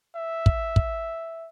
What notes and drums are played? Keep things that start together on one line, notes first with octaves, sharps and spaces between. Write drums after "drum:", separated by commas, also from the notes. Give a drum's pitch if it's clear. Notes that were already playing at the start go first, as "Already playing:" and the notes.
E5
drum: kick
drum: kick